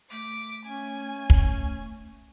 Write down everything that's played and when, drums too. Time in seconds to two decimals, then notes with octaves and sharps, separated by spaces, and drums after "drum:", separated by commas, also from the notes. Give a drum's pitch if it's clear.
0.11 A3 D6 B6
0.66 C#4 G#5
1.30 drum: kick